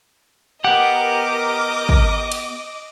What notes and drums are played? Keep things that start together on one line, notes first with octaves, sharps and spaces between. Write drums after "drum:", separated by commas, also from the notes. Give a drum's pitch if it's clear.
B3 G4 A#4 D#5 F#5 D6
drum: kick
drum: cymbal